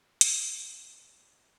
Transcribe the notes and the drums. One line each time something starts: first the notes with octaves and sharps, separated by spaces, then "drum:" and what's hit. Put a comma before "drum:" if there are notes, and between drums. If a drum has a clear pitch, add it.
F#5, drum: hi-hat